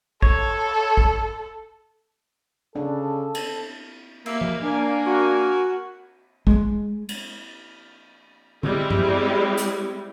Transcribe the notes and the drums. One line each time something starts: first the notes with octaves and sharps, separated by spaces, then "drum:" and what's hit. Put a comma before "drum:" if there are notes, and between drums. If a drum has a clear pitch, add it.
A4 C#5, drum: kick
drum: kick
C#3 D4 A4
drum: cymbal
A#3 E5 F5, drum: cymbal
drum: tom F3
A#3 D4 A#4 G#5
F#4
G#3, drum: kick
drum: cymbal
G3 G#3 C4 E4 G4, drum: tom D3
drum: tom G2
drum: hi-hat